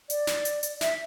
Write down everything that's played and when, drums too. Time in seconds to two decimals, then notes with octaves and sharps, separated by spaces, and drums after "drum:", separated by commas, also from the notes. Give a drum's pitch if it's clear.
0.10 D5, drum: hi-hat
0.27 drum: snare
0.45 drum: hi-hat
0.63 drum: hi-hat
0.81 E5, drum: snare